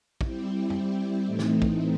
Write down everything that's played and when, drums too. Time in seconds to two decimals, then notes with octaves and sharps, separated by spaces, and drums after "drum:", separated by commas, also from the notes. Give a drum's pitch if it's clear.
0.21 G3 C4 E4 G4, drum: kick
0.70 drum: tom
1.24 A2 E3 A3 C4 D#4
1.39 drum: snare
1.62 drum: kick